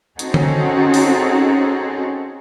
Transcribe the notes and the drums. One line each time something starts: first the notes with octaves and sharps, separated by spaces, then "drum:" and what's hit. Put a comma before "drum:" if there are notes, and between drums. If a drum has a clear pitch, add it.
C4 C#4 D#4 F#4 G#4 A4, drum: hi-hat
drum: tom D3
drum: open hi-hat